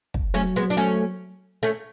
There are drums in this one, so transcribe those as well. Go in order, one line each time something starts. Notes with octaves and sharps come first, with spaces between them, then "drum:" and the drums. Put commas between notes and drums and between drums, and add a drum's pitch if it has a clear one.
drum: kick
F#3 A3 C#4
G#3 B3
D4
A3 C#4
A3 C#4